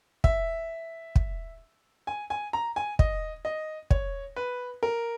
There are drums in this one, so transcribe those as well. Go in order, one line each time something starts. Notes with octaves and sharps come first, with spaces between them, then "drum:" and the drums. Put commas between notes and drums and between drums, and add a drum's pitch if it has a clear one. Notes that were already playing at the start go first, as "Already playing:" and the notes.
E5, drum: kick
drum: kick
G#5
G#5
A#5
G#5
D#5, drum: kick
D#5
C#5, drum: kick
B4
A#4